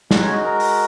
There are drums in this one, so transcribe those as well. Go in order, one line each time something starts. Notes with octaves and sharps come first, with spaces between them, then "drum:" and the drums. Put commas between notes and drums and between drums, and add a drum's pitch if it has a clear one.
G#3 B3 D#4 F#4 B4, drum: snare
C#4 C#5
D#4 D#5
A#4 A#5
drum: open hi-hat